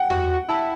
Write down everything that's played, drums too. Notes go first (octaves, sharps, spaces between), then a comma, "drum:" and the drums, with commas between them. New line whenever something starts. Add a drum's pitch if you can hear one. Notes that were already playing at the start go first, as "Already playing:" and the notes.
Already playing: F#5 G5
F#4, drum: tom E2
E4 A5